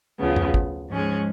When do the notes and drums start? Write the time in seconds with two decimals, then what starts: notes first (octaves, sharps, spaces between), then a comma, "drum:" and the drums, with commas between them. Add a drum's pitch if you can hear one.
0.19 D2 C#3 F3 B3
0.36 drum: tom F2
0.54 drum: kick
0.90 G#2 F3 G#3 C#4 G#4